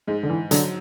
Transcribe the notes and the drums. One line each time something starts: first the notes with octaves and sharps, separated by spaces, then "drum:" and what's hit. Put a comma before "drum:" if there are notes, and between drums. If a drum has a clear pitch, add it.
G#2 G#3
D3
E3
D3 F#3, drum: hi-hat